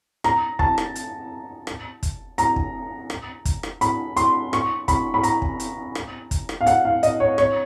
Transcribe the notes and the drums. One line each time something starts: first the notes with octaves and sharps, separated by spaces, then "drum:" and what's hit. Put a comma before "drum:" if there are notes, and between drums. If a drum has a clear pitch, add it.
A#5, drum: rim click
A5, drum: kick
drum: rim click
drum: hi-hat
drum: rim click
drum: kick, hi-hat
A#5, drum: hi-hat
drum: kick
drum: rim click
drum: kick, hi-hat
drum: rim click
B5, drum: hi-hat
C6, drum: hi-hat
C#6, drum: rim click
B5, drum: kick, hi-hat
B5
A#5, drum: hi-hat
drum: kick
drum: hi-hat
drum: rim click
drum: kick, hi-hat
drum: rim click
F5
F#5, drum: hi-hat
F5
D#5, drum: hi-hat
C#5
C#5, drum: rim click